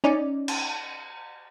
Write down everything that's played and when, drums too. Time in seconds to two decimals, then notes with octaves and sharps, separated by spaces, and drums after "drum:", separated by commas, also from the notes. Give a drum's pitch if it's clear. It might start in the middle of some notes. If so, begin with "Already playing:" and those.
0.04 C#4 D#4 D5
0.48 drum: cymbal